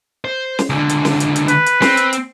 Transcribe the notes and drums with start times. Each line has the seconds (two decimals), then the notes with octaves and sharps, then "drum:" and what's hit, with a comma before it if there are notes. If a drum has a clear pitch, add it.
0.25 C5
0.59 drum: snare
0.70 C#2 D3
0.89 drum: hi-hat
1.05 drum: snare
1.20 drum: hi-hat
1.36 drum: hi-hat
1.48 B4, drum: hi-hat
1.66 drum: hi-hat
1.82 C4, drum: snare
1.97 drum: hi-hat
2.13 drum: hi-hat